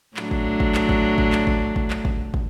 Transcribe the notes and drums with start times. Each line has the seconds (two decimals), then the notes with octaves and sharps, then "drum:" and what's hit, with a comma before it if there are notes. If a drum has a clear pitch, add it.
0.17 A2 F#3 D4, drum: clap
0.31 drum: kick
0.60 drum: kick
0.75 drum: clap
0.89 drum: kick
1.18 drum: kick
1.32 drum: clap
1.47 drum: kick
1.76 drum: kick
1.90 drum: clap
2.05 drum: kick
2.34 drum: kick